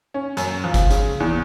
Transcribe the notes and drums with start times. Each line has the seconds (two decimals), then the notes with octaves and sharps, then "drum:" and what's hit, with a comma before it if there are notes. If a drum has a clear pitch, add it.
0.14 C#4
0.37 F#2, drum: hi-hat
0.64 F3
0.74 drum: kick G1, hi-hat
0.91 C#3, drum: hi-hat
1.20 E2